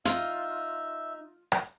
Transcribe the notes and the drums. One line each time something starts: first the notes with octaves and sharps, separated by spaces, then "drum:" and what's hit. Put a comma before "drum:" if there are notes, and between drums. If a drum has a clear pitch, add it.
D#4 F4 E5, drum: hi-hat
drum: rim click